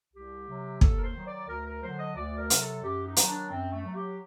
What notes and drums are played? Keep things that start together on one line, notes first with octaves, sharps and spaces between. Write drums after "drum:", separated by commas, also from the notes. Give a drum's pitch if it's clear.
C2 G4
C3 F#3
D#2 A4, drum: kick
A#4
C5
D#3 F#3
D5
D2 A#4
A#4
D3 F#3 C5
D#5
D2 D5
A#4
C3 F#3, drum: hi-hat
A4
F#2 G4
D#4
D#3 F#3, drum: hi-hat
D4
F#2 C4
A3
F#3
G4